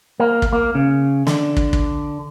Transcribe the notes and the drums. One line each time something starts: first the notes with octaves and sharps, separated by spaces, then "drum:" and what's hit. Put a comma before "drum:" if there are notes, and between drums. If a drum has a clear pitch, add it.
A#3
drum: kick
A#3
C#3
D3, drum: snare
drum: kick
drum: kick